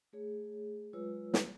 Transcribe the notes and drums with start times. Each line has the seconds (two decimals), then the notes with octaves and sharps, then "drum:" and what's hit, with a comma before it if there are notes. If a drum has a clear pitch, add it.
0.13 A3 G#4 C#5
0.93 F#3 G#3 F4 B4 C#5 E6
1.34 drum: snare